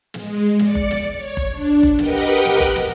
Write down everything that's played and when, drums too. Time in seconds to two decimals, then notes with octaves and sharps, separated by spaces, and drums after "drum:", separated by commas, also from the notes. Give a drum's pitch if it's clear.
0.14 G#3, drum: snare
0.59 D5 C#7, drum: snare
0.75 drum: kick F#1
0.91 drum: snare
1.15 C#5
1.37 drum: kick F#1
1.51 D4
1.83 drum: kick F#1
1.99 G4 A#4 B4 D#5 F#5 G5, drum: snare
2.45 drum: snare
2.60 drum: kick F#1
2.76 drum: snare